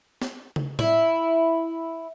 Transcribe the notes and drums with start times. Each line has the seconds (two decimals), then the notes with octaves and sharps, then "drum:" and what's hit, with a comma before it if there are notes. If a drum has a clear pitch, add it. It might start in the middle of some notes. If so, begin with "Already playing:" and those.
0.22 drum: snare
0.56 drum: tom
0.79 E4, drum: tom A2